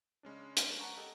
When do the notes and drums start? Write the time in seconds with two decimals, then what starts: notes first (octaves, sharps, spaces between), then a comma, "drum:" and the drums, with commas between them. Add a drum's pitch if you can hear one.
0.23 C#3 G#3 C#4 D4
0.57 C#4 A#4 B4 G#5 A5, drum: hi-hat
0.80 F#5 A5 A#5 C#6
0.97 G4 A4 D#5 G5 G#5